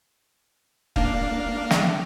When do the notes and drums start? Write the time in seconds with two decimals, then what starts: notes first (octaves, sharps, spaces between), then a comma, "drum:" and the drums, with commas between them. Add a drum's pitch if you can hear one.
0.96 A#3 D4 F5, drum: kick
1.71 drum: snare